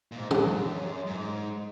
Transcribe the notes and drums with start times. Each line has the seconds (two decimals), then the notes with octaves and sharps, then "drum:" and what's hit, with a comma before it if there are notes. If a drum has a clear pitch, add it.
0.12 A#2
0.16 G#2
0.31 G#2, drum: tom
0.46 F#2
1.06 G#2